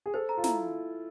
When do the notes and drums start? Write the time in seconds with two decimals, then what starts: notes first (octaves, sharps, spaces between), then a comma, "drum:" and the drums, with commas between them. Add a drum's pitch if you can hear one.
0.06 G#4
0.14 A4 C5
0.29 A#5
0.37 F4
0.44 E4 A#5, drum: snare